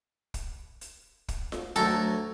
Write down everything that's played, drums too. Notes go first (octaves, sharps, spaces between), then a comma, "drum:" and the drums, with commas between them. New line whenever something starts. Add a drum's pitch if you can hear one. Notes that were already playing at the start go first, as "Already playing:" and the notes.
drum: kick, hi-hat
drum: hi-hat
drum: kick, hi-hat
drum: snare F4
D2 F#3 A4 A#4, drum: hi-hat